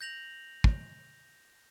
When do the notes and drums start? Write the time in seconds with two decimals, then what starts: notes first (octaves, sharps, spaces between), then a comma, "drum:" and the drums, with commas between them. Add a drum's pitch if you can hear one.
0.01 G6 A#6 F7 F#7
0.64 drum: kick